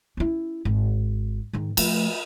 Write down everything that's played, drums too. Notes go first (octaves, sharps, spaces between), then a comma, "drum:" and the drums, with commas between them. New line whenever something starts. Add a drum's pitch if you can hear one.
C#4 E4
G#1
G#2 D#3
F3 A3, drum: cymbal